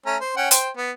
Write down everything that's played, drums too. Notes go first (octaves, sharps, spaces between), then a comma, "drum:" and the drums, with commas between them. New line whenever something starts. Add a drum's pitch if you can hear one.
A3 C#4 A#5
C5
C#4 F#5 G5
C5 G5, drum: hi-hat
B3